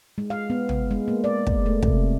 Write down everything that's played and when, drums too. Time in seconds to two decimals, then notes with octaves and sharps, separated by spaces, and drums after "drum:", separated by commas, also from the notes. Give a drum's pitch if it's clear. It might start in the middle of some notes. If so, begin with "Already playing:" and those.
0.18 G#3
0.30 F5
0.50 B3
0.69 drum: tom
0.91 G#3
1.08 A#3
1.24 D5
1.47 drum: kick
1.66 A3
1.83 C3, drum: kick